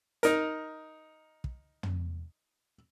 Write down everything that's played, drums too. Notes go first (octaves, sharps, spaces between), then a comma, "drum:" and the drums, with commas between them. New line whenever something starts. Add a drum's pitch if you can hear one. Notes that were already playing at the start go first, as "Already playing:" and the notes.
D#4 A#4, drum: hi-hat
drum: kick
drum: tom